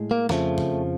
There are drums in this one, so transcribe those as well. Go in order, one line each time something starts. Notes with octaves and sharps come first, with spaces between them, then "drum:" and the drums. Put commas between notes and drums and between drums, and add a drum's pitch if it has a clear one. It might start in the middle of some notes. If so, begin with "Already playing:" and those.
Already playing: A2 G#3
A#3
F2 C#3 F3 A3 A#3, drum: snare
drum: tom F2